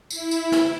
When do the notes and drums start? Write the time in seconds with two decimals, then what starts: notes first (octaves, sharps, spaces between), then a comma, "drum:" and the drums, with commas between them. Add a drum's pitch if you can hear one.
0.10 E4, drum: tambourine
0.31 drum: tambourine
0.52 drum: snare